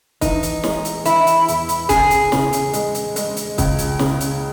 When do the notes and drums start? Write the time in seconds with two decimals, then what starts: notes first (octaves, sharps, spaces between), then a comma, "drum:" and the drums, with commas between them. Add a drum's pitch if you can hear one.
0.21 E3 D#4, drum: kick, hi-hat
0.43 drum: hi-hat
0.64 G#3, drum: snare
0.85 drum: hi-hat
1.05 E3 E4, drum: hi-hat
1.27 drum: hi-hat
1.48 E2, drum: hi-hat
1.69 drum: hi-hat
1.89 C#3 G#4, drum: kick, hi-hat
2.11 drum: hi-hat
2.32 C#3, drum: snare
2.53 drum: hi-hat
2.73 G#3, drum: hi-hat
2.95 drum: hi-hat
3.16 G#3, drum: hi-hat
3.37 drum: hi-hat
3.58 C#2, drum: kick, hi-hat
3.78 drum: hi-hat
3.99 C#3, drum: snare
4.20 drum: hi-hat